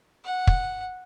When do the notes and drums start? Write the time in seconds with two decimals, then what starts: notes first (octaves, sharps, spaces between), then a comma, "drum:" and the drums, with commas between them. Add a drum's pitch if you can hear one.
0.25 F#5
0.47 drum: kick